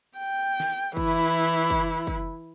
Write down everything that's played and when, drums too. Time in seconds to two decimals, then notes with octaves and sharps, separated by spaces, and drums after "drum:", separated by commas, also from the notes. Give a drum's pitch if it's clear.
0.18 G5
0.60 drum: snare
0.97 E3 E4, drum: kick
1.70 drum: kick
2.07 drum: kick